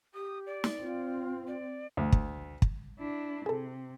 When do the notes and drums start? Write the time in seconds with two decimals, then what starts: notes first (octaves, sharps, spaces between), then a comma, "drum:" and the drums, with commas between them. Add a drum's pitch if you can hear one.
0.14 G4 D#6
0.47 D5
0.64 drum: snare
0.79 C4 F4
1.47 D5
1.97 D2
2.12 drum: kick
2.62 drum: kick
2.99 D4 E4
3.46 C3 G#4 A4